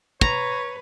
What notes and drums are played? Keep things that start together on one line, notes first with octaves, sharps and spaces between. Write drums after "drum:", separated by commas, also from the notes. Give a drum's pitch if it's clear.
B4 C#5 A#5, drum: kick